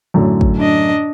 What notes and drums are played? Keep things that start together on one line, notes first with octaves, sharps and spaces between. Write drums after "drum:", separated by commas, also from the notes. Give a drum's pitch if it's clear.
F#2 A2 D3
drum: kick
D4 D#5